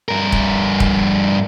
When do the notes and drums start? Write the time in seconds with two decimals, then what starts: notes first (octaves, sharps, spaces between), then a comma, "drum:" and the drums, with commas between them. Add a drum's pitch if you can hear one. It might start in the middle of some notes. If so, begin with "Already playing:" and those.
0.09 G2 A#4
0.32 drum: kick
0.80 drum: kick